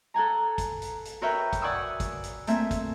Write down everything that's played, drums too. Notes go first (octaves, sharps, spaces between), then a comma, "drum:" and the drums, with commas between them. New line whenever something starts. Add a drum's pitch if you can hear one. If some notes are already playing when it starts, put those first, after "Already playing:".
A4 F#5 G#5 A#5
drum: kick, hi-hat
drum: hi-hat
drum: hi-hat
F#4 A#4 B4 C#5 E5 G5
drum: kick, hi-hat
D5 F#5 G#5 C#6 D#6 E6
drum: kick, hi-hat
drum: hi-hat
A3 A#3 C4 E5 G#5, drum: hi-hat
drum: kick, hi-hat